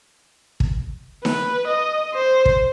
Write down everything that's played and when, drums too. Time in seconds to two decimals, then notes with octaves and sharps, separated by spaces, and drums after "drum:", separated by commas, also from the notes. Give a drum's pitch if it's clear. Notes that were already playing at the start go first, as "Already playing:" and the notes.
0.60 drum: kick
1.25 B4, drum: snare D#4
1.68 D#5
2.15 C5
2.45 drum: kick